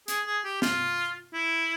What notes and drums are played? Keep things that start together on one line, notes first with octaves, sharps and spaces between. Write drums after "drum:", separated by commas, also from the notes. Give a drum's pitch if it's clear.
G#4, drum: hi-hat
G#4
G4
F4, drum: snare
E4